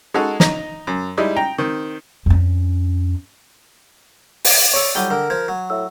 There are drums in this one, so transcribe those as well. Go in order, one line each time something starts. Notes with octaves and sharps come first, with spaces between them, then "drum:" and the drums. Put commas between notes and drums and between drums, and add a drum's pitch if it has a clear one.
G#3 D#4 F#4 A4
D#4 A#5, drum: snare
F#2
G3 G#3 D#4 E4
G5 A#5
D#3 C4
F2 C#4
drum: open hi-hat
A4 C#5 D5 C#6
A2 F#3 G3 G5 G7
D3 A#4
F3 G#6
F#3
A2 E5 E6